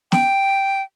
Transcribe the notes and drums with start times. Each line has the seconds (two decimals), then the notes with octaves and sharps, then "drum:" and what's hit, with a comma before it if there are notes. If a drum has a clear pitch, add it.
0.12 G5, drum: snare